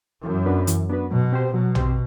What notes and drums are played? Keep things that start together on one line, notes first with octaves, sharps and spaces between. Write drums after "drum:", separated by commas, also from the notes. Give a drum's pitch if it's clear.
F#2 E3
B3 D4 F#4 B4
E3, drum: hi-hat
B3 D4 F#4 B4
B2 F#3
C4 G4 C5
B2 F#3
C4 G4 C5, drum: tom